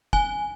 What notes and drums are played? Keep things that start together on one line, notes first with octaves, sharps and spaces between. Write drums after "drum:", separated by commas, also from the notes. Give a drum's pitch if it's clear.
G#5, drum: kick